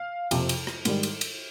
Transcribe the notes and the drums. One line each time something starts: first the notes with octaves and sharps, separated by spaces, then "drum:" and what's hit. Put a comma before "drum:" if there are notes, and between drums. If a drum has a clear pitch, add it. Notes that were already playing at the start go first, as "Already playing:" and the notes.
Already playing: F5
F2 C3 F3, drum: cymbal
drum: cymbal
drum: rim click
G#2 D#3 G3, drum: cymbal
drum: cymbal
drum: cymbal